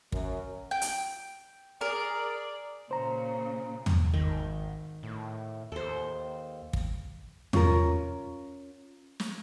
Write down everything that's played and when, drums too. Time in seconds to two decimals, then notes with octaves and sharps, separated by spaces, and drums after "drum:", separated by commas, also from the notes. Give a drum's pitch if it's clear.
0.12 F#2, drum: kick
0.71 G5
0.81 drum: hi-hat
1.81 G#4 A#4 D5
2.91 A#2 C#3 C5 A#5
3.86 drum: tom
4.14 G#1 D#3
5.03 A2
5.72 D#2 A4 C5
6.73 drum: kick
7.53 C#4 F4 A#4, drum: tom
9.20 drum: snare